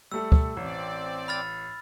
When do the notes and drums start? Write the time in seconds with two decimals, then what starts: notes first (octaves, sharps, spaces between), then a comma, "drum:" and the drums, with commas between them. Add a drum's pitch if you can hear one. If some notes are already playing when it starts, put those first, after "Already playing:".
0.12 G3 A3 A4 E6
0.32 drum: kick
0.57 A1 C4 D5
1.28 B5 F6 A6